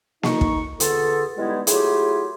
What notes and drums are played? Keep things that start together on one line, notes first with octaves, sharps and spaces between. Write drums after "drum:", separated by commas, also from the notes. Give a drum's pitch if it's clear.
D#4 C#6, drum: snare A#3
drum: kick
E2 B2 D3 F4 G#4 A4, drum: hi-hat
E3 G3 G#3 B3 D#4 E4
F#3 A3 E4 F4 G4 G#4, drum: hi-hat